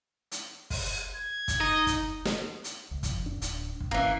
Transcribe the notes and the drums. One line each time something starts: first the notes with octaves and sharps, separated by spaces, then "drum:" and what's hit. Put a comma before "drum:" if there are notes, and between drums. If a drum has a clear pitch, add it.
drum: hi-hat
drum: kick, open hi-hat
G#6
drum: kick, hi-hat
D#4 D#5
drum: kick, hi-hat
drum: snare
drum: hi-hat
C#2
F2, drum: kick, hi-hat
D1 D4
drum: hi-hat
drum: kick
G#1 E3 A#3 C#4